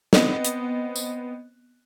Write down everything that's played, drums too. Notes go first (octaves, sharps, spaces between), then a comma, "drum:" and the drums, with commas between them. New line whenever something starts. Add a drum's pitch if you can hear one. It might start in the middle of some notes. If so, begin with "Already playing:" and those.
B3 C4 D#5, drum: snare
drum: hi-hat
drum: tambourine